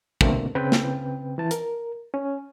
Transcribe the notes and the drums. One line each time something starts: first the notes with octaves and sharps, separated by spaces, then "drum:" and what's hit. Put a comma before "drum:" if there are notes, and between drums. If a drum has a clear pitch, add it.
C2 B2 D3 A3 A#3 C4, drum: kick
C#3 C4 B4 G5
drum: snare
E3 A5
A#4, drum: hi-hat
C#4